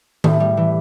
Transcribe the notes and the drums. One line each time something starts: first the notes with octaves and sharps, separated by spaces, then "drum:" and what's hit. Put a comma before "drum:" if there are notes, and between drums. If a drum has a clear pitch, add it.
A2, drum: tom D#3
G3
E3